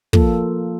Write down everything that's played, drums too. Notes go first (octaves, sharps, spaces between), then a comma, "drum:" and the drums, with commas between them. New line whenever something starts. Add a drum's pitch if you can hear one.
F3 A#3 F4 A4, drum: kick